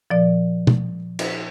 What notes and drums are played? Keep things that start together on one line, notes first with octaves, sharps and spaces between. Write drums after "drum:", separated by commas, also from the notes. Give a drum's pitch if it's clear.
A#2 F3 D5
drum: tom
drum: cymbal